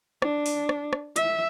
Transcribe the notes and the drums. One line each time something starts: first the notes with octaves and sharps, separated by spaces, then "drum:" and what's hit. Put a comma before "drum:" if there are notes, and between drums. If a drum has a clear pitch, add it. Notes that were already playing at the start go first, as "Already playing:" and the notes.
D4, drum: rim click
drum: open hi-hat
drum: rim click
drum: rim click
E5, drum: hi-hat